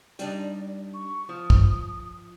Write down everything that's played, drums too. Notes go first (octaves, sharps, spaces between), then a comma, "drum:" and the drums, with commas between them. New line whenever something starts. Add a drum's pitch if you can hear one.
G3 D4 D#4 D5, drum: hi-hat
C#6
F3 D#6
drum: kick